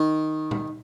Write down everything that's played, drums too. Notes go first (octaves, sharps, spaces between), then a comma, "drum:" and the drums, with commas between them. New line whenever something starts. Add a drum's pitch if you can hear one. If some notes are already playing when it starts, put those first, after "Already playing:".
Already playing: D#3
drum: tom